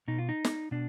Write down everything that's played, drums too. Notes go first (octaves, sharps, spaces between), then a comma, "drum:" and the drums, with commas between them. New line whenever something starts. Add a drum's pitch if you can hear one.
B2 D#4
F4
D#4
drum: snare
B2 D4